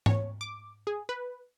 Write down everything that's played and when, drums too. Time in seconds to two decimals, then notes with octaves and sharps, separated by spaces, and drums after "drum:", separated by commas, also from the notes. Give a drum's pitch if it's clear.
0.06 C#5, drum: tom G#2
0.41 D6
0.87 G#4
1.09 B4